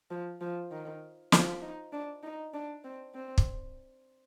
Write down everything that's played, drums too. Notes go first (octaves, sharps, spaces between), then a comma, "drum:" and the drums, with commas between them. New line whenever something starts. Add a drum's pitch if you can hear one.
F3
F3
D#3
F3, drum: snare
D#4
D4
D#4
D4
C4
C4
drum: kick